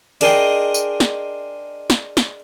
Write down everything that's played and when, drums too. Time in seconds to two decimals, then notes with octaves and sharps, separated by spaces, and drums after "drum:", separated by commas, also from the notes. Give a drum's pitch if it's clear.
0.21 D4 G#4 A#4 D#5 G5 C6, drum: hi-hat
0.74 drum: tambourine
1.00 drum: snare
1.90 drum: snare
2.17 drum: snare